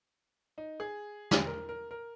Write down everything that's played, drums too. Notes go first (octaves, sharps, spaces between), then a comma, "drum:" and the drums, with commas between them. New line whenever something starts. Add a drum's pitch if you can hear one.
D#4
G#4
drum: snare
A#4
A#4
A#4